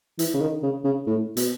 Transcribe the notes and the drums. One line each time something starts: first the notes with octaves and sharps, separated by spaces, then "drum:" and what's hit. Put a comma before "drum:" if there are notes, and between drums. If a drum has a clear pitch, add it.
E3, drum: hi-hat
C#3
D#3
C#3
C#3
A2
B2, drum: hi-hat